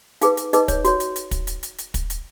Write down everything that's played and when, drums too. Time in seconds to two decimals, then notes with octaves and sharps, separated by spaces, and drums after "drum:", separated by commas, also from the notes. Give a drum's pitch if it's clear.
0.21 D#4 G#4 B4 F5, drum: hi-hat
0.37 drum: hi-hat
0.53 D#4 G#4 B4 D#5, drum: hi-hat
0.68 C#5, drum: kick, hi-hat
0.85 F#4 C#5, drum: hi-hat
1.00 drum: hi-hat
1.16 drum: hi-hat
1.31 drum: kick, hi-hat
1.47 drum: hi-hat
1.63 drum: hi-hat
1.78 drum: hi-hat
1.94 drum: kick, hi-hat
2.10 drum: hi-hat